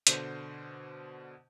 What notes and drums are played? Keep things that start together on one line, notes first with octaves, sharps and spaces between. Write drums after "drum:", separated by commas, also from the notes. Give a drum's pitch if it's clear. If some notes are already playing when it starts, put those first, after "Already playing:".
B2 D3 C5 G6, drum: hi-hat